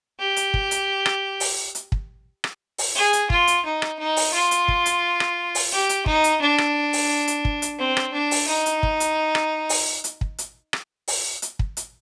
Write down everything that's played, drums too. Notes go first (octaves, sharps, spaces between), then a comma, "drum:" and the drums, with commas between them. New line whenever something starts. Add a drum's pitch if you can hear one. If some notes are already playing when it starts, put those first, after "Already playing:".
G4
drum: hi-hat
drum: kick
drum: hi-hat
drum: rim click
drum: open hi-hat
drum: hi-hat
drum: kick
drum: rim click
drum: open hi-hat
G#4
drum: hi-hat
F4, drum: kick
drum: hi-hat
D#4
drum: rim click
D#4
drum: open hi-hat
F4
drum: hi-hat
drum: kick
drum: hi-hat
drum: rim click
drum: open hi-hat
G4
drum: hi-hat
D#4, drum: kick
drum: hi-hat
D4
drum: rim click
drum: open hi-hat
drum: hi-hat
drum: kick
drum: hi-hat
C4
drum: rim click
D4
drum: open hi-hat
D#4
drum: hi-hat
drum: kick
drum: hi-hat
drum: rim click
drum: open hi-hat
drum: hi-hat
drum: kick
drum: hi-hat
drum: rim click
drum: open hi-hat
drum: hi-hat
drum: kick
drum: hi-hat